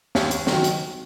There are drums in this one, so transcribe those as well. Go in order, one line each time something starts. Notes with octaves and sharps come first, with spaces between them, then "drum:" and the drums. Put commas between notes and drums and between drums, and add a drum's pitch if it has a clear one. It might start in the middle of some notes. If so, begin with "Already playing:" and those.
D#2, drum: snare
drum: hi-hat
D#3, drum: snare
F#3
drum: hi-hat